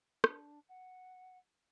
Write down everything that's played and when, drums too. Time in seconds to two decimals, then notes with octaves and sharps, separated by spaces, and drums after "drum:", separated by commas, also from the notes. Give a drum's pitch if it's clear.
0.24 D4, drum: rim click
0.69 F#5